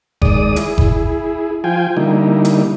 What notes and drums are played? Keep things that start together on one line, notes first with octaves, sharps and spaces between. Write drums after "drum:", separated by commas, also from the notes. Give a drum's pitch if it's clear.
D#2 G#3 D5 D#6, drum: kick F#1
E4 G#4, drum: hi-hat
drum: kick F#1
F3 F4 G5 G#5
D3 G3 A#3 D#4 E4
drum: hi-hat